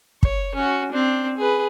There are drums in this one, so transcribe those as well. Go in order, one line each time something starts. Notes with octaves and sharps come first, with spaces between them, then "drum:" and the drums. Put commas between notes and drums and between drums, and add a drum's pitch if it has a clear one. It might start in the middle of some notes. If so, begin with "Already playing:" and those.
C#5, drum: kick
C#4 F#4
C4 D4
G#4 B4